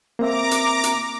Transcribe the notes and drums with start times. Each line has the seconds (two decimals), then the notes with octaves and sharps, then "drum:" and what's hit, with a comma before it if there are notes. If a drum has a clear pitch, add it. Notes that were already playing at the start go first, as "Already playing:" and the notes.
0.19 A#3 C4 E5 A#5 D6
0.51 drum: hi-hat
0.84 drum: hi-hat